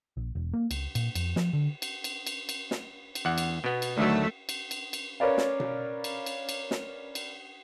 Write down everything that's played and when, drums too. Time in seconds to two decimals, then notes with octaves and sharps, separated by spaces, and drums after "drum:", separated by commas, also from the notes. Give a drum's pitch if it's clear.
0.17 A#1
0.35 E1
0.53 A#3
0.71 C#2, drum: cymbal
0.95 A#2, drum: cymbal
1.15 F2, drum: cymbal
1.36 F3, drum: snare
1.53 D3
1.82 drum: cymbal
2.04 drum: cymbal
2.27 drum: cymbal
2.49 drum: cymbal
2.71 drum: snare
3.15 drum: cymbal
3.25 E2 F#5
3.38 drum: cymbal
3.64 B2 B3
3.82 drum: cymbal
3.98 D2 D#3 F#3 A3
4.49 drum: cymbal
4.71 drum: cymbal
4.93 drum: cymbal
5.20 C#4 A#4 B4 D5 F5
5.38 drum: snare
5.60 drum: tom B2
6.04 drum: cymbal
6.26 drum: cymbal
6.49 drum: cymbal
6.71 drum: snare
7.15 drum: cymbal